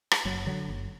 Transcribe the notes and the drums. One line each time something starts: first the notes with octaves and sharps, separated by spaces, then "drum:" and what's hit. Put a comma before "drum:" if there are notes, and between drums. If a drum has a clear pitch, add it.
drum: rim click
F#1 F#3
D3 F#3
F#1